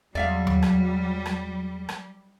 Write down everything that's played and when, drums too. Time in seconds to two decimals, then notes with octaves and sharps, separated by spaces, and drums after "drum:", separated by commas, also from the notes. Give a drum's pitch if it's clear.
0.15 E2 F#3 G3 D5 E5 F5
0.47 drum: tom D#2
0.62 drum: rim click
1.26 drum: rim click
1.89 drum: rim click